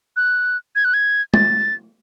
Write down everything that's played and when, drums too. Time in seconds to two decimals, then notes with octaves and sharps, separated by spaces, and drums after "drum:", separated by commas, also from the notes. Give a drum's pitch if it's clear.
0.16 F#6
0.76 G#6
0.85 F#6
0.94 G#6
1.34 A6, drum: tom G#3